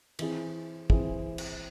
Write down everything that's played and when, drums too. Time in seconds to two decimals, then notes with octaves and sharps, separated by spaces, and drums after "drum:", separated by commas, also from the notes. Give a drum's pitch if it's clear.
0.19 E3 C4 E4 G#4, drum: cymbal
0.90 E3 C4 E4 G#4, drum: kick
1.38 drum: cymbal